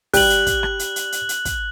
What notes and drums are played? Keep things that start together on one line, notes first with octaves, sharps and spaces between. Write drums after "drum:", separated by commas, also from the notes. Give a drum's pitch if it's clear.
G3 G4 F#6 F#7, drum: kick, open hi-hat
drum: hi-hat
drum: kick, hi-hat
drum: rim click
drum: hi-hat
drum: hi-hat
drum: hi-hat
drum: hi-hat
drum: kick, hi-hat